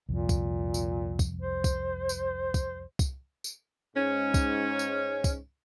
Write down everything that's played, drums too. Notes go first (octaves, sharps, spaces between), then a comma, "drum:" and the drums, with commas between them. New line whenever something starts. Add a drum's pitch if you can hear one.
C2 F2 A#2
drum: kick, tambourine
drum: tambourine
drum: kick, tambourine
C5
drum: kick, tambourine
drum: tambourine
drum: kick, tambourine
drum: kick, tambourine
drum: tambourine
G#2 C#4
drum: kick, tambourine
drum: tambourine
drum: kick, tambourine